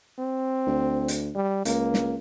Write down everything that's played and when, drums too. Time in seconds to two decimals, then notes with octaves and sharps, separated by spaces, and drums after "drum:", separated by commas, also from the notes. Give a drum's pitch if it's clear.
0.19 C4
0.67 D2
1.08 drum: hi-hat
1.35 G3
1.65 C#2 A#3, drum: hi-hat
1.94 drum: snare